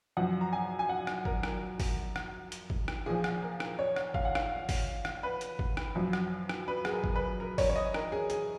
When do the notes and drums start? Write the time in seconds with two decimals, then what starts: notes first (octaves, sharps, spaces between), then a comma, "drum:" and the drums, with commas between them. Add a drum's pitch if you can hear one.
0.17 F#2 F3 F#5
0.41 A#5
0.53 G#5
0.79 G#5
0.89 F#5
1.07 drum: rim click
1.25 A#4, drum: kick G1
1.43 drum: rim click
1.80 drum: kick G1, open hi-hat
2.16 drum: rim click
2.52 drum: hi-hat
2.70 drum: kick G1
2.88 drum: rim click
3.06 A#2 F3 G#4
3.24 drum: rim click
3.42 A#4
3.60 drum: rim click
3.79 C#5
3.96 drum: rim click
4.14 F5, drum: kick G1
4.25 F#5
4.35 F5, drum: rim click
4.69 drum: kick G1, open hi-hat
5.05 drum: rim click
5.23 B4
5.41 drum: hi-hat
5.59 drum: kick G1
5.77 drum: rim click
5.95 F#2 F3
6.13 drum: rim click
6.49 drum: rim click
6.68 B4
6.85 G#4, drum: rim click
6.91 A#4
7.04 drum: kick G1
7.16 B4
7.40 A#4
7.58 C#5, drum: kick G1, open hi-hat
7.70 C#5
7.76 D#5
7.94 A#4, drum: rim click
8.12 G#4
8.30 G#4, drum: hi-hat